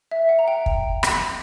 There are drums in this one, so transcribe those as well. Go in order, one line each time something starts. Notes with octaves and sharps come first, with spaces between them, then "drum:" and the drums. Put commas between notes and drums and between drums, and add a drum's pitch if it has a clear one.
E5
F#5
A#5
G5
drum: kick
drum: rim click